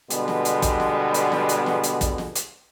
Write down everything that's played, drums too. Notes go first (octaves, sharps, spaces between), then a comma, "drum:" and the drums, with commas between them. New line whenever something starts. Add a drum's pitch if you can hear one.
B2 D3 G3 G#3 B3, drum: hi-hat
drum: snare
drum: hi-hat
drum: kick, hi-hat
drum: snare
drum: hi-hat
drum: snare
drum: hi-hat
drum: snare
drum: hi-hat
drum: kick, hi-hat
drum: snare
drum: hi-hat